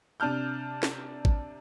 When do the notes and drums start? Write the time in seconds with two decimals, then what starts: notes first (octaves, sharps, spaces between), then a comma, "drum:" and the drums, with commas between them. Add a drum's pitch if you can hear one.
0.20 C3 D4 A5 F6 G6
0.83 drum: snare
1.25 drum: kick